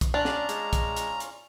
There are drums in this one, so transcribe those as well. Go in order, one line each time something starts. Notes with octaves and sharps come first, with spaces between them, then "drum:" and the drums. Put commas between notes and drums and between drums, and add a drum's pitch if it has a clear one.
drum: kick, hi-hat
C#4 D4 F4 D5 A#5
drum: snare
G#3, drum: hi-hat
drum: kick, hi-hat
drum: hi-hat
drum: hi-hat